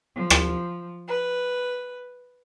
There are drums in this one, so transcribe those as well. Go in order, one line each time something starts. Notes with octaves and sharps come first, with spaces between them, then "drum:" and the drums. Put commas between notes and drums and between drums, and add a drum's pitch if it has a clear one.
F3
drum: rim click
B4